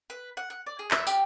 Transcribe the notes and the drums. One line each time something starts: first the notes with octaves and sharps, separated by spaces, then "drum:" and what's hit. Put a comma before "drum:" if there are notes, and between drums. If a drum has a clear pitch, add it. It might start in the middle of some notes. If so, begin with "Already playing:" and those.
B4
F#5
F#5
D5
G#4
E5, drum: clap
G4, drum: tambourine